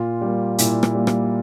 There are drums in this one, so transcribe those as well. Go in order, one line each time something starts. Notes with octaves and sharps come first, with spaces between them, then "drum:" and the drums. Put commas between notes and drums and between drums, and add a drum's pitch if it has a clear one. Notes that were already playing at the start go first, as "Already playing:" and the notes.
Already playing: A#2 F4
G3 A#3
A#2 E4, drum: hi-hat
drum: rim click
G3 A#3
drum: rim click